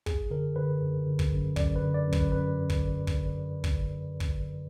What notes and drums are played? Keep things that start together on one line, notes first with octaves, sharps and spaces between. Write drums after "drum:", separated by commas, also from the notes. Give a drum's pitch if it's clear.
F#2 G#4, drum: kick
D3 A#4
D3 B4
F#2
D3
drum: kick
F#2
F#2 D5, drum: kick
B4
D3
D5
F#2
B4, drum: kick
F#2 B4
F#2
drum: kick
drum: kick
drum: kick
drum: kick